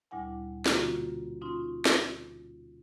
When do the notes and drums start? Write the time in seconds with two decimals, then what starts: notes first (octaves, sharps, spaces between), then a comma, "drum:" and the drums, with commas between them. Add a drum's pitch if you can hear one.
0.11 D2 A#2 G3 E4 F#5 G#5
0.66 B2 D3 A#3 C#4 F4 F#4, drum: snare
1.41 C#4 D#4 F4 C6
1.85 drum: snare